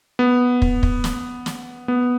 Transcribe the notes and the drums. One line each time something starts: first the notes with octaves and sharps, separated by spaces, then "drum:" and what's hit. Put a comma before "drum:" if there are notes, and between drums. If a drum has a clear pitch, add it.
B3
drum: kick
drum: kick
drum: snare
drum: snare
B3